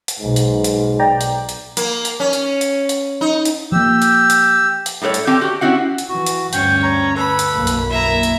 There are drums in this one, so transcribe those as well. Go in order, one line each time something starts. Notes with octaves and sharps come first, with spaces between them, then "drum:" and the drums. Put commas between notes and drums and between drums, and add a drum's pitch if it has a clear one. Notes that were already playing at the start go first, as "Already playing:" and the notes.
drum: hi-hat
B1 G#2
drum: hi-hat
drum: hi-hat
D5 G5 A#5
drum: hi-hat
drum: hi-hat
A#3, drum: hi-hat
drum: hi-hat
C#4
drum: hi-hat
drum: hi-hat
drum: hi-hat
D#4
drum: hi-hat
F3 A#3 G4 E6
drum: hi-hat
drum: hi-hat
drum: hi-hat
A2 G3 A4 B4 C#5
drum: hi-hat
C4 G4 G5 A5
F#4 G4
C4 C#4 E4 F#4 F#5
drum: hi-hat
E3 F#4
drum: hi-hat
D2 G2 C#4 G5, drum: hi-hat
C#5 A#5
A4 B4 B5
drum: hi-hat
B1 F#2 A#3
drum: hi-hat
E4 E5 A#5
drum: hi-hat